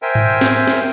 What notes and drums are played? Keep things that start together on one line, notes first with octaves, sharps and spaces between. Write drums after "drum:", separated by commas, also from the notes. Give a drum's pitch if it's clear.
A#4 C5 E5 G5 G#5
drum: tom G#2
drum: snare
drum: snare